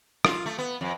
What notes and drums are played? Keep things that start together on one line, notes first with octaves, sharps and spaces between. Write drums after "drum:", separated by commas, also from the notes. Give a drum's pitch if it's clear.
F4, drum: rim click
A3
B3
F2